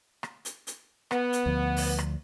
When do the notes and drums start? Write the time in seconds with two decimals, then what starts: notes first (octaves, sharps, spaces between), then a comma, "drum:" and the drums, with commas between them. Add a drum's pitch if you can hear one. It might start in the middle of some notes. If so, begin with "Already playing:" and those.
0.23 drum: rim click
0.45 drum: hi-hat
0.67 drum: hi-hat
1.11 B3, drum: rim click
1.33 drum: hi-hat
1.46 D2 F3
1.77 drum: open hi-hat
1.99 drum: rim click